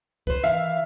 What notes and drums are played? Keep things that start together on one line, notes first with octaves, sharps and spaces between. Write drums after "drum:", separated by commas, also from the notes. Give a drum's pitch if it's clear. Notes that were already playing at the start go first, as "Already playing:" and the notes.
B4 C5, drum: kick
D#3 E3 E5 F5